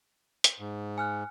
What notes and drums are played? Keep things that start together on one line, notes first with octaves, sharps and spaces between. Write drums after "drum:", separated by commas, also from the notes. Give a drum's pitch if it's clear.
drum: hi-hat
G#2
G#5 F6 F#6